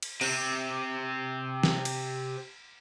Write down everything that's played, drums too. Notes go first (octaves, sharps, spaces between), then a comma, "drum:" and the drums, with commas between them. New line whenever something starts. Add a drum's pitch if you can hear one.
drum: cymbal
C3 C4, drum: cymbal
drum: snare
drum: cymbal